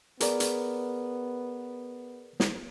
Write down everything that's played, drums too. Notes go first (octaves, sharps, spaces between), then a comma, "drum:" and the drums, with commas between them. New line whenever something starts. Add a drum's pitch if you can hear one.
B3 G#4 A#4 D5, drum: hi-hat
drum: hi-hat
drum: snare